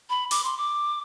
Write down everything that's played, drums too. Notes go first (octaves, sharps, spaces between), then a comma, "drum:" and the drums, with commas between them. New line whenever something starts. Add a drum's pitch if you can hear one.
B5
D6, drum: open hi-hat
C6
D6